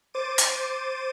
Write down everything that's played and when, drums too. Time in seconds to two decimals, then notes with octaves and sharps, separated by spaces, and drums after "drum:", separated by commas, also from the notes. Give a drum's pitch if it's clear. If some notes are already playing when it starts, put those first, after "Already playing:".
0.14 C5 D6 A6 D#7
0.38 drum: hi-hat